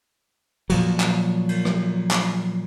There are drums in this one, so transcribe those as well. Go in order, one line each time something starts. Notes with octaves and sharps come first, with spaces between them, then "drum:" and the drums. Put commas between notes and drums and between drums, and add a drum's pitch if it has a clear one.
A#2 F3 F#3, drum: cymbal
drum: clap
drum: cymbal
drum: rim click
drum: clap